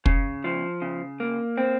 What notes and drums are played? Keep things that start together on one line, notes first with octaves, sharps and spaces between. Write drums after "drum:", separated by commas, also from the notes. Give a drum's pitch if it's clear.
C#3, drum: kick
F3
C#3
A#3
C4